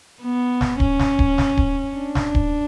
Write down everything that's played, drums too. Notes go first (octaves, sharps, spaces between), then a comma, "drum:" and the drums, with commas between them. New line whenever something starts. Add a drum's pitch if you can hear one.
B3
drum: snare
C#4, drum: kick D1
drum: snare
drum: kick D1
drum: snare
drum: kick D1
D4
drum: snare
drum: kick D1